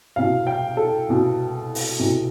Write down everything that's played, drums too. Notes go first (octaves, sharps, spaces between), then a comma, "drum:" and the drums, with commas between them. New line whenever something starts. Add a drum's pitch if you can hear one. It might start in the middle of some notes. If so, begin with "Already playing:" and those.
C2 B2 F5
G5
A4
C2 B2
drum: open hi-hat
C2 B2